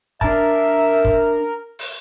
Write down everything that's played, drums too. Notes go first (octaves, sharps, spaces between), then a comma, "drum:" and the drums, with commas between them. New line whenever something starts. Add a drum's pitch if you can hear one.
D4 A#4 E5 A5, drum: kick
drum: kick
drum: open hi-hat